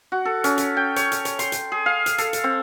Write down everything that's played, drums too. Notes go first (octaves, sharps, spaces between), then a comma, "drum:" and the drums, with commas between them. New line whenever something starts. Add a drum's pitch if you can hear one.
F#4
A4
C#4, drum: hi-hat
drum: hi-hat
G5
C#5, drum: hi-hat
drum: hi-hat
C#5, drum: hi-hat
C6, drum: hi-hat
drum: hi-hat
G#4
F5
drum: hi-hat
A4, drum: hi-hat
drum: hi-hat
C4